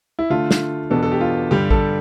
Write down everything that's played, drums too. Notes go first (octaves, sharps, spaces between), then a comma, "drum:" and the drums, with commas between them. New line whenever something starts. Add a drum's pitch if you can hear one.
E4
D3 A3 D4 F4
drum: snare
E2 B2 B3 D4 A4
A4
G4
F4
G2 D3 G3 G4
A4, drum: kick A1